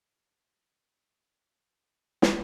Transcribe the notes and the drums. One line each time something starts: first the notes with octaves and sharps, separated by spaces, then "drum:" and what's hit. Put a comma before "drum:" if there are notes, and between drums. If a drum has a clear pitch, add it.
D#4 G4 D#5
drum: snare